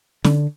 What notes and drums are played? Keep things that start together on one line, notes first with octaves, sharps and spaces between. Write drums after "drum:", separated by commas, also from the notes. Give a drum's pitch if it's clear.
D3, drum: snare